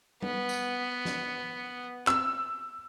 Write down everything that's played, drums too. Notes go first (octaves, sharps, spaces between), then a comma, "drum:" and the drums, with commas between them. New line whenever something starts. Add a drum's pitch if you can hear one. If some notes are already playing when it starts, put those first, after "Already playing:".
B3, drum: tom G3
drum: tambourine
drum: snare
E6, drum: clap